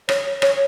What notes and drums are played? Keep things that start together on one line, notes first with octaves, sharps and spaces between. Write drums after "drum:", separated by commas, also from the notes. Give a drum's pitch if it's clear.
C#5, drum: rim click
C#5, drum: rim click